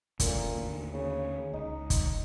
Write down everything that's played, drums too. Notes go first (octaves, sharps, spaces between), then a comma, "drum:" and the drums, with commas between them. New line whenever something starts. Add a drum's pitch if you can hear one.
D2 A#2 C#3 A3, drum: kick, hi-hat
D#2 D3 D#3
C#3
C#2 D#4
drum: kick, hi-hat